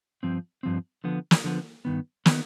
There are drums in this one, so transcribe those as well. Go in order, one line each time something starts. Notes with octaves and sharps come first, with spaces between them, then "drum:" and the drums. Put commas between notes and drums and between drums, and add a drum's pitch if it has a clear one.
G2 F3 C4
G2 F3 C4
D3 F3 B3
drum: snare
D3 F3 B3
G2 D#3 B3
D#3 B3, drum: snare